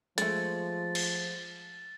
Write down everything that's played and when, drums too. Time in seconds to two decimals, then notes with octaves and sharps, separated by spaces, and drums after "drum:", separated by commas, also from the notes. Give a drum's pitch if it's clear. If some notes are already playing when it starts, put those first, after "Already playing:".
0.18 F3 G#3 A3 A6, drum: hi-hat
0.95 drum: cymbal